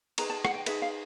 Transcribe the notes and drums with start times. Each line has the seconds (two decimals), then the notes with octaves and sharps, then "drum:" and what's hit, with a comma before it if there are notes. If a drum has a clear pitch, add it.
0.18 D#4 G#4 B4 A#5, drum: cymbal
0.30 A5
0.45 F#5, drum: rim click
0.54 G5
0.66 D#4 G#4 B4 E5, drum: cymbal
0.82 F5